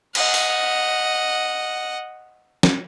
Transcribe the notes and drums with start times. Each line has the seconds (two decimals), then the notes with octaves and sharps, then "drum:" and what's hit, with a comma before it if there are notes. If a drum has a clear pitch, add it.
0.15 D#5 F#5, drum: cymbal
0.34 drum: open hi-hat
2.63 drum: snare